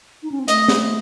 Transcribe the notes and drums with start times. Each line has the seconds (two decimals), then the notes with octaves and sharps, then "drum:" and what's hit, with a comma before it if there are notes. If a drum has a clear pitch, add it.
0.23 D#4
0.32 C#4
0.39 C4
0.48 A3 D#5, drum: hi-hat
0.68 drum: snare